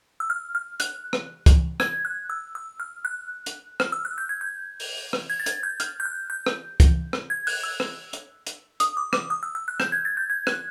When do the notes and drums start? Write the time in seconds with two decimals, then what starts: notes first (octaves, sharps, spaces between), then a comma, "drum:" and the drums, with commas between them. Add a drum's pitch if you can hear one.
0.20 E6
0.30 F6
0.55 F6
0.80 F#6, drum: hi-hat
1.13 drum: rim click
1.46 drum: kick, hi-hat
1.80 G#6, drum: rim click
2.05 F#6
2.30 E6
2.55 E6
2.80 F6
3.05 F#6
3.46 drum: hi-hat
3.80 F6, drum: rim click
3.92 E6
4.05 F#6
4.18 G6
4.29 G#6
4.41 G6
4.80 drum: open hi-hat
5.13 drum: rim click
5.30 G#6
5.40 A6
5.46 G#6, drum: hi-hat
5.63 G6
5.80 F6, drum: hi-hat
6.00 G6
6.05 F#6
6.30 G6
6.46 drum: rim click
6.80 drum: kick, hi-hat
7.13 drum: rim click
7.30 G#6
7.47 F#6, drum: open hi-hat
7.63 E6
7.80 drum: rim click
8.13 drum: hi-hat
8.47 drum: hi-hat
8.80 D#6, drum: hi-hat
8.97 D6
9.13 D6, drum: rim click
9.30 D#6
9.43 E6
9.55 E6
9.68 F#6
9.80 G6, drum: rim click
9.92 G#6
10.05 A6
10.17 G6
10.30 G#6
10.47 F#6, drum: rim click